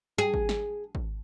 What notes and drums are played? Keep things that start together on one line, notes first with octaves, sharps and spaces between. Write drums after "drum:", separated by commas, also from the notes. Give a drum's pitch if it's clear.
G#4
drum: kick
drum: snare
drum: kick